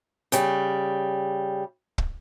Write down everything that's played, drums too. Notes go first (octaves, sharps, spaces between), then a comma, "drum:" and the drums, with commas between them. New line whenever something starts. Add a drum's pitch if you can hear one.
C#3 G3, drum: hi-hat
drum: kick